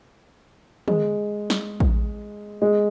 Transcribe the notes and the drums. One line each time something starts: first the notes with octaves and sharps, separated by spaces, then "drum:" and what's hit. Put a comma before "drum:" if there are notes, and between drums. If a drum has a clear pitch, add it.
G#3, drum: tom
drum: snare
drum: kick
G#3